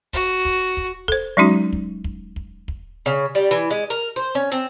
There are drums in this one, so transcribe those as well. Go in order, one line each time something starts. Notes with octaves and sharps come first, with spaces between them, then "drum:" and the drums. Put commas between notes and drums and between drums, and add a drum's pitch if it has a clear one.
F#4, drum: kick
drum: kick
drum: kick
A4 C5, drum: kick
F#3 G#3 C#4 D#4 F#4
drum: kick
drum: kick
drum: kick
drum: kick
C#3
G3
E3
G#3
A#4
C5
C#4
C4